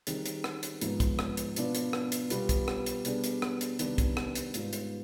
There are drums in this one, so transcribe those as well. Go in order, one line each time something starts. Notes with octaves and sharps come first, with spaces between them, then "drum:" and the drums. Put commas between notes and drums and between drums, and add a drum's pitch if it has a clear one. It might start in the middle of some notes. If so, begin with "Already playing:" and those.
D#3 G3 C4 D#4 G#4, drum: hi-hat
drum: hi-hat
drum: rim click
drum: hi-hat
G#2 F3 B3 D#4, drum: hi-hat
drum: kick, hi-hat
drum: rim click
drum: hi-hat
B2 B3 D4 F4, drum: hi-hat
drum: hi-hat
drum: rim click
drum: hi-hat
B2 G3 B3 F4, drum: hi-hat
drum: kick, hi-hat
drum: rim click
drum: hi-hat
B2 G3 B3 D4 G#4, drum: hi-hat
drum: hi-hat
drum: rim click
drum: hi-hat
C3 D#3 G3 B3 D4, drum: hi-hat
drum: kick, hi-hat
drum: rim click
drum: hi-hat
G#2 G3 B3 F4, drum: hi-hat
drum: hi-hat